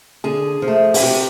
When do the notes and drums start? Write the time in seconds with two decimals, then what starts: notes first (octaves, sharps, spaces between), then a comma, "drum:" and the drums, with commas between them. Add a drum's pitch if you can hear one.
0.24 D3 G#4
0.62 F3
0.68 A3
0.94 G#4, drum: open hi-hat
1.00 C3 G4